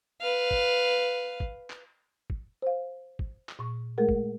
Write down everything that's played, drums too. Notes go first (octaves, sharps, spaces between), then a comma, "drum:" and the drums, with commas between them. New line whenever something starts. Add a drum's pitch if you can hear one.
B4 F5
drum: kick
drum: kick
drum: clap
drum: kick
C5 F5
drum: kick
drum: clap
A#2 C#6
G#3 A3 G#4 A#4 F#5
drum: kick